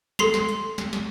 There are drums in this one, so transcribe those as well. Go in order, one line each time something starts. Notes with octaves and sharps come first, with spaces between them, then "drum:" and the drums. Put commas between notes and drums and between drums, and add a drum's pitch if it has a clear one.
A4 C6 C7 F7, drum: snare
drum: snare
drum: hi-hat
drum: snare
drum: snare